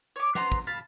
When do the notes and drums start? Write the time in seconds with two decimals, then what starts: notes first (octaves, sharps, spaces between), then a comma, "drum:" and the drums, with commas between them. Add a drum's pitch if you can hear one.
0.16 C#5 D6
0.35 B3 C5 A#5 C6, drum: snare
0.52 drum: kick
0.67 F5 A5 B5